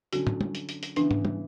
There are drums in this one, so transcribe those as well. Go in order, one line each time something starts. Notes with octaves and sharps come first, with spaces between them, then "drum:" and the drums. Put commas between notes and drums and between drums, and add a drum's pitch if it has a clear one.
D3 F#3 C#4 F#4, drum: hi-hat
drum: tom
drum: tom
drum: hi-hat
drum: hi-hat
drum: hi-hat
C#3 E3 B3 D4, drum: hi-hat
drum: tom
drum: tom